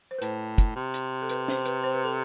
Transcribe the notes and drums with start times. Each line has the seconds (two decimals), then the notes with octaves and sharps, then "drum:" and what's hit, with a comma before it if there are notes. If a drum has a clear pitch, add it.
0.11 C5
0.19 B4
0.22 A2 C5, drum: hi-hat
0.58 drum: kick, hi-hat
0.76 C3
0.94 drum: hi-hat
1.22 A4
1.30 B4, drum: hi-hat
1.48 C5, drum: snare
1.66 B4, drum: hi-hat
1.84 C5
1.94 B4
2.04 A4